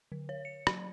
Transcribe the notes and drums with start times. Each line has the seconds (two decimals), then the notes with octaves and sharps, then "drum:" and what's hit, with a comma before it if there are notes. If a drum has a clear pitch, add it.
0.12 D3
0.29 C#5
0.45 C#7
0.67 F#3, drum: rim click